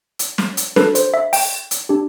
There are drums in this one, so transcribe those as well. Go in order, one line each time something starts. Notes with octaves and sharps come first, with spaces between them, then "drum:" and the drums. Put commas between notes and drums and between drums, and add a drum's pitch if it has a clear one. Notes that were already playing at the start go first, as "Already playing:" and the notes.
drum: hi-hat
drum: snare
drum: hi-hat
D4 F#4 A4 B4, drum: snare
C5, drum: hi-hat
E5
G5, drum: open hi-hat
drum: hi-hat
D4 G4